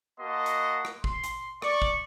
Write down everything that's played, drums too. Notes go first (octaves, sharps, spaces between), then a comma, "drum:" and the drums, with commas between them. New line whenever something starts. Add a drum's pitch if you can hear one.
A#3 F#4 D#5 F#5 A5 C6
drum: hi-hat
drum: rim click
C6, drum: kick G1
drum: hi-hat
D5 C#6, drum: rim click
drum: kick G1